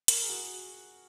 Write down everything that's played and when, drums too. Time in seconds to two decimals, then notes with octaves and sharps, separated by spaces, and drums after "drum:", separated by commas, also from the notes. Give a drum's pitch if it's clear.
0.08 A#4, drum: hi-hat
0.22 G#4
0.29 F#4